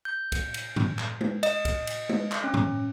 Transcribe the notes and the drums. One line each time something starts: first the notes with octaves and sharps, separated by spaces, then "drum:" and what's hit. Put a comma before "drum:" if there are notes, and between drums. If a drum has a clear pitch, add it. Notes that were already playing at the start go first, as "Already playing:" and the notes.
G6
drum: kick, cymbal
drum: cymbal
drum: tom G2
drum: clap
drum: tom G#3
D#5, drum: cymbal
drum: kick, cymbal
drum: cymbal
drum: tom G#3
drum: clap
C#4
drum: tom G2